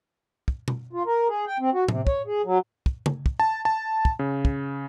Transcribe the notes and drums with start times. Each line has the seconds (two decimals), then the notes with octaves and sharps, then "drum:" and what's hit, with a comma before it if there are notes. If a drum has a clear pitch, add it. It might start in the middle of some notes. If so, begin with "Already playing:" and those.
0.48 drum: kick
0.68 drum: tom B2
0.93 F4
1.06 A#4
1.28 G#4
1.46 G5
1.60 C4
1.74 F#4
1.88 C3, drum: tom A2
2.07 C#5, drum: kick
2.27 G#4
2.45 F#3
2.86 drum: kick
3.06 drum: tom
3.26 drum: kick
3.40 A5
3.65 A5
4.05 drum: kick
4.19 C#3
4.45 drum: kick